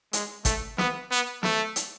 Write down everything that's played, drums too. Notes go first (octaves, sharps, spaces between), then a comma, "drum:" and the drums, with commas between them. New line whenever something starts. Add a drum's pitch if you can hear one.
G#3, drum: hi-hat
A3, drum: kick, hi-hat
B3, drum: snare
B3
A3, drum: snare
drum: hi-hat